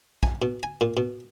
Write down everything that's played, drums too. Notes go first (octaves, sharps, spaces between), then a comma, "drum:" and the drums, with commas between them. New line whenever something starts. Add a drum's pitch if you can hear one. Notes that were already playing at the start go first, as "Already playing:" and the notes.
G#5, drum: kick
B2
G#5
A#2
B2